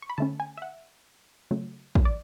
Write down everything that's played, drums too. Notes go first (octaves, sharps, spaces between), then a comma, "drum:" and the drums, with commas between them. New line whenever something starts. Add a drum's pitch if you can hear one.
C#6
B5
D3 A3 C#4 A5
G#5
E5
F#5
C#3 F#3 A3
drum: kick
D5